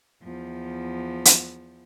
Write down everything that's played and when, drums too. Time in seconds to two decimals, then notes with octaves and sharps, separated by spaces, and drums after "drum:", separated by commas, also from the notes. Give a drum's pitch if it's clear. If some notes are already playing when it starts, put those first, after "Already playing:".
0.23 E2 F3
1.25 drum: hi-hat